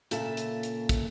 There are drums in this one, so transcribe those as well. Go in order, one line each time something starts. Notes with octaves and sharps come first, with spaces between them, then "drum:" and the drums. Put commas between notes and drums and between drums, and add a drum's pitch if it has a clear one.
A#2 C#3 A4 E5, drum: hi-hat
drum: hi-hat
drum: hi-hat
drum: kick, hi-hat